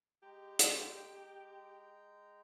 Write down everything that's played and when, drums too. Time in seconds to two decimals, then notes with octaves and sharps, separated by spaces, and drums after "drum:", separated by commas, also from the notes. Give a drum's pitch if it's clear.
0.23 G#3 G4 G5 A#5
0.59 drum: hi-hat